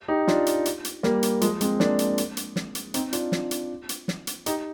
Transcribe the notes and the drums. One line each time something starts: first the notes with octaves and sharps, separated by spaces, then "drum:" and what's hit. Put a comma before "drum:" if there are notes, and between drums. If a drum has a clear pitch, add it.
D#4 G4
D4 F4, drum: snare
drum: hi-hat
drum: hi-hat
drum: hi-hat
G3 A#3, drum: snare
drum: hi-hat
F3 G#3, drum: hi-hat
G#3 C4, drum: hi-hat
A#3 D4, drum: snare
drum: hi-hat
drum: hi-hat
drum: hi-hat
drum: snare
drum: hi-hat
C4 D#4, drum: hi-hat
D4 F4, drum: hi-hat
drum: snare
drum: hi-hat
drum: hi-hat
drum: snare
drum: hi-hat
D#4 G4, drum: hi-hat